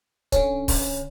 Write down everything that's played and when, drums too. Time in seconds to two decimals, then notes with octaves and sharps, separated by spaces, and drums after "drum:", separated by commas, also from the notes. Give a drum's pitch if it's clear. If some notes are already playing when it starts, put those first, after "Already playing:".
0.32 D3 C#4, drum: kick, hi-hat
0.68 drum: kick, open hi-hat